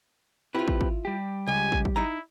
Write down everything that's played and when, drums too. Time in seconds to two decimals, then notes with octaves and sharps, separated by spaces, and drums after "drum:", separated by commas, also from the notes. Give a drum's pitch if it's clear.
0.55 C4 E4 F4 G4 B4
0.68 drum: kick
0.81 drum: kick
1.05 G3 G4
1.47 C#2 G#5
1.72 drum: kick
1.85 drum: kick
1.96 D#4 E4 A#5